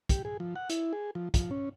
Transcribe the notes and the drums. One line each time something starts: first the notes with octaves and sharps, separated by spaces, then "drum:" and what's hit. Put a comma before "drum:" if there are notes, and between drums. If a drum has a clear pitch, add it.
G4, drum: kick, hi-hat
G#4
F3
F#5
E4, drum: hi-hat
G#4
F3
F3, drum: kick, hi-hat
C#4